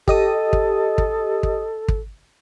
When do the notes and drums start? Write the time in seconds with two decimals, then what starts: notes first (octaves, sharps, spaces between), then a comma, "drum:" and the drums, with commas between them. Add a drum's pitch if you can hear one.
0.08 G4 A4 D#5 D#6, drum: kick
0.53 drum: kick
0.98 drum: kick
1.43 drum: kick
1.88 drum: kick